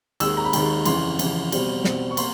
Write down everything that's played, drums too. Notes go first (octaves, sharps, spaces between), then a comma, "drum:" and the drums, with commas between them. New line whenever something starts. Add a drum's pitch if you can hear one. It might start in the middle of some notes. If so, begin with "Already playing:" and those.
D#2 D#3 G#3 E6, drum: cymbal
A#5
B5
D#2 D#3 G#3, drum: cymbal
F2 C#3 E3 C6, drum: cymbal
F2 C#3 E3, drum: cymbal
B2 G3 C4, drum: cymbal
B2 G3 C4, drum: snare
C#6
A#3 C6, drum: cymbal